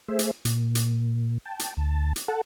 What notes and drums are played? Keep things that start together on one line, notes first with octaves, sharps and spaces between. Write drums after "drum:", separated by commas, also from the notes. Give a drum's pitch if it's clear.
A3 G#4 C5 E5
drum: hi-hat
A#2, drum: hi-hat
drum: hi-hat
G5 A5
drum: hi-hat
D2 A5
drum: hi-hat
A4 F#5 A5